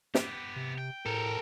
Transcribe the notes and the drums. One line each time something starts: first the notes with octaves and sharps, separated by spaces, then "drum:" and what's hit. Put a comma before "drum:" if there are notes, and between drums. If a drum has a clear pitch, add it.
B3 G4, drum: snare
C3
G5
A2 A4 A#4